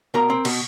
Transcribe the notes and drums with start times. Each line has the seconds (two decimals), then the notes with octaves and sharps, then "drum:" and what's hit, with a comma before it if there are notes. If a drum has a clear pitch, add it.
0.14 B2 A#4 A#5
0.30 C4
0.45 B2, drum: cymbal